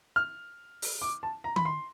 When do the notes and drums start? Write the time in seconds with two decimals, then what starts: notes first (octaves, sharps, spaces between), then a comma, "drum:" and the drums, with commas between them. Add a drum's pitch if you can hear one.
0.16 F6
0.82 drum: open hi-hat
1.02 D6
1.23 A5
1.44 A#5
1.56 B5, drum: tom D#3
1.65 C6